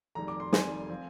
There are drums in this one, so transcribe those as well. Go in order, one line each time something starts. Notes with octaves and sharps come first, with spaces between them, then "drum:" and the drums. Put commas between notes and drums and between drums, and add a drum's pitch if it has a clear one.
F1 F2 D#3 G3 A#5
D6
C6
F1 F2 D#3 G3 G#5, drum: snare
F3 C4